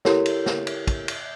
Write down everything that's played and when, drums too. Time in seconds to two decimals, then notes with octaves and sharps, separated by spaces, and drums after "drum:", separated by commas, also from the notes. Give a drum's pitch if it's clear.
0.05 E4 G4 A4 A#4 C#5, drum: snare
0.26 drum: cymbal
0.46 drum: snare
0.67 drum: cymbal
0.87 drum: kick, cymbal
1.08 drum: cymbal